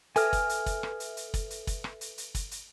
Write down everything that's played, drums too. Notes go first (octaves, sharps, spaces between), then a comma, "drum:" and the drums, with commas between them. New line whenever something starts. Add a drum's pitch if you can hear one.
A4 B4 E5 G#5 F6, drum: hi-hat
drum: kick, hi-hat
drum: hi-hat
drum: kick, hi-hat
drum: rim click
drum: hi-hat
drum: hi-hat
drum: kick, hi-hat
drum: hi-hat
drum: kick, hi-hat
drum: rim click
drum: hi-hat
drum: hi-hat
drum: kick, hi-hat
drum: hi-hat